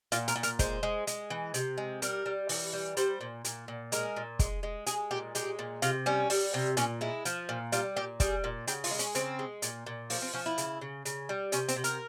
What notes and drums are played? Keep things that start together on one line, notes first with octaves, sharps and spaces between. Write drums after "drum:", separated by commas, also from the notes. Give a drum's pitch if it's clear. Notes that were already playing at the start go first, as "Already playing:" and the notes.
A#2 F4, drum: hi-hat
A#4, drum: hi-hat
A#2
A#4, drum: hi-hat
G#3 C5, drum: kick, hi-hat
G#3
G#3, drum: hi-hat
E3
C3, drum: hi-hat
G#3
G3 A#4, drum: hi-hat
G3
E3, drum: open hi-hat
G3
G3 C5, drum: hi-hat
A#2
A#2, drum: hi-hat
A#2
G#3 A#4, drum: hi-hat
A#2
G#3, drum: kick, hi-hat
G#3
G#3 G#4, drum: hi-hat
A#2 G4
G#3 G4, drum: hi-hat
A#2
C3 F4, drum: hi-hat
G3 C#4
G3, drum: open hi-hat
C3
A#2 C#4, drum: hi-hat
G#3 E4
F3, drum: hi-hat
A#2
G3 F4, drum: hi-hat
A#2 G4
G3 G#4, drum: kick, hi-hat
A#2
C#3 G4, drum: hi-hat
F4, drum: open hi-hat
G#3
C#4, drum: hi-hat
C#3 C4, drum: hi-hat
G#3
A#2, drum: hi-hat
A#2
F3 A#3, drum: open hi-hat
C4
F3 C#4
E4
C#3, drum: hi-hat
C#3
C#3, drum: hi-hat
G3
C3 C#4, drum: hi-hat
C4, drum: hi-hat
C3
A#4, drum: hi-hat